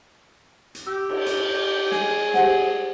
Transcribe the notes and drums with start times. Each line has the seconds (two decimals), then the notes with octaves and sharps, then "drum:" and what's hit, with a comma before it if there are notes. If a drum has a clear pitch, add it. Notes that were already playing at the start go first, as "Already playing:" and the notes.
0.75 drum: hi-hat
0.87 G4 E6
1.09 drum: cymbal
1.26 drum: hi-hat
1.92 G#4, drum: snare
2.34 G4 C5 F#5, drum: snare